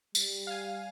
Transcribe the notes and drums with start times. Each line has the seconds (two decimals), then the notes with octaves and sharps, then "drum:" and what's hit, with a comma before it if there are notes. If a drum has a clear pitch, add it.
0.15 G3, drum: tambourine
0.47 F5 G#5